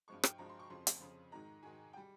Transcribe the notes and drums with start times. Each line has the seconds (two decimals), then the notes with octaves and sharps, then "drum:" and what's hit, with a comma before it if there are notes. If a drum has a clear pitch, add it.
0.08 G2 F3 G#3 C#6
0.23 G5, drum: rim click
0.38 G2 F3 G#3 A#5
0.49 C6
0.59 C#6
0.70 F2 C#3 F3 C6
0.87 drum: hi-hat
1.00 F2 C#3 F3
1.32 G#2 D#3 G#3 A#5
1.63 G#2 D#3 G#3 G#5
1.93 G5
1.97 G3